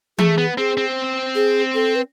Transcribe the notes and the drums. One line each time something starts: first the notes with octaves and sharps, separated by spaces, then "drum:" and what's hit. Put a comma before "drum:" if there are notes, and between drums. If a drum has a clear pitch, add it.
A3 G#4, drum: tom E3
B3
C4 G#4
C4
G#4
A4
B4